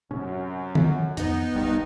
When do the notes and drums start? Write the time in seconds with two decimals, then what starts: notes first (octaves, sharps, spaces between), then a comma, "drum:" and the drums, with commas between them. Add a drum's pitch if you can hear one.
0.11 F#2 C3 C#4
0.75 drum: tom D#3
1.17 F2 B3 D#4, drum: hi-hat
1.54 E1 B1 G2 D#3 G3